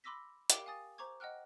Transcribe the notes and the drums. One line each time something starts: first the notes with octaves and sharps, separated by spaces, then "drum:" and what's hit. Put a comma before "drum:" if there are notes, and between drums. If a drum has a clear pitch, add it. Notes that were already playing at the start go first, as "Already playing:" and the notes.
B5 C6 D6 E6 A#6 B6
G4 A#4 F5 G5 D6 D7, drum: hi-hat
F5 G#5 D#6 A6
C5 A#5 C#6 D6 G#6
D#5 F#5 G5 F6 F#6